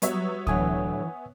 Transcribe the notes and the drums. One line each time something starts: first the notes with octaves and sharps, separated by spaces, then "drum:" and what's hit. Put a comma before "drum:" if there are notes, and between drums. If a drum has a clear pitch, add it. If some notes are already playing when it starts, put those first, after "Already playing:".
F#3 G3 B3 F#4 C#5 E5, drum: hi-hat
A2 D3 E3 F#3 F#5 G#5 D#6, drum: kick C#2